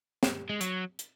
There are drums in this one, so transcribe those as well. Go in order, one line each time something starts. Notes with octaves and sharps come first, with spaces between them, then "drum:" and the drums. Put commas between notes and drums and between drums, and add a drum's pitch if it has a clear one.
drum: snare
G#3
F#3, drum: hi-hat
drum: hi-hat